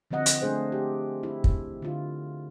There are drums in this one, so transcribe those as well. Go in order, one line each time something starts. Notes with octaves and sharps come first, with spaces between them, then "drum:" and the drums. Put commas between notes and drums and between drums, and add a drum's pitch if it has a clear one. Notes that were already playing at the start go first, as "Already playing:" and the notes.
D3 F3 C4 D#5 F#5
drum: hi-hat
A3 D4 G#4 C5
G4
E4
drum: kick
D3 F4